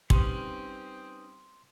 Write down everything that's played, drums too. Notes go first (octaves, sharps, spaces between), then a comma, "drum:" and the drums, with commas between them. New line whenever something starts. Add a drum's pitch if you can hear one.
G3 C4 C#4 D#4 B4 C6, drum: kick